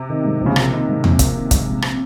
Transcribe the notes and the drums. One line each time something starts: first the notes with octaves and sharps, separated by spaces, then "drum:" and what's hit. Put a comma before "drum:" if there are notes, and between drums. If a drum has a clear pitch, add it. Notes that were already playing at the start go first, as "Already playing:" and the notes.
Already playing: C3
D#3
G#2
A#1
C#3
C3 A#3, drum: rim click
D#3
G#2
A#1, drum: tom E2
A#3, drum: kick, hi-hat
D#3
G#2, drum: kick, hi-hat
A#1
C4, drum: rim click